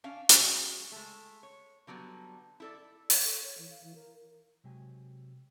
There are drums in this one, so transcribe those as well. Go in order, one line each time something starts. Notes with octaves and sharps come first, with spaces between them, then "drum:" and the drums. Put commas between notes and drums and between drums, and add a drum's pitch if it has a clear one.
C#4 D4 F5
G3 C#4 F#4 G#4, drum: hi-hat
G#3 A3
C#5
D3 F#3 G3 B3
E4 A4 D5
C#5, drum: open hi-hat
A4
C#5
E3
F5
E3
A#4
C3 F#3 G#3 G5 G#5